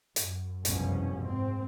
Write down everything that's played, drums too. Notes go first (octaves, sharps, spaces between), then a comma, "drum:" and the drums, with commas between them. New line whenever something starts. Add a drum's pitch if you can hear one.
F#2, drum: hi-hat
F#1 C2 G2 B2 F3 C#4, drum: hi-hat
G#2 C4